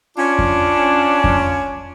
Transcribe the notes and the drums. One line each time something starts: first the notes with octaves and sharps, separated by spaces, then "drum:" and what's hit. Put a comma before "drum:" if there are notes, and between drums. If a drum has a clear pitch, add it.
C#4 D4 F4
drum: kick F2
drum: kick F2